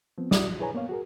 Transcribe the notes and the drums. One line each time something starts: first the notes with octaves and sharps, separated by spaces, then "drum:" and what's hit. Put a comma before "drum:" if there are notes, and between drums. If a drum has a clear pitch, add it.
F3 B3 C4
D#2 E4 F#4 D5 D#6, drum: snare
F3 F#3
E4 G#4 B4 C#5 G#5 A#5
A#3 B3 C#5 F5
F#4 G#4 A#4